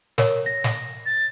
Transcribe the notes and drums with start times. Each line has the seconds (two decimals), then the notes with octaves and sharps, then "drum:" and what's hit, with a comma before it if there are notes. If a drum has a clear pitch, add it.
0.18 A#4 C#5, drum: snare
0.46 A#6
0.64 drum: snare
1.06 A6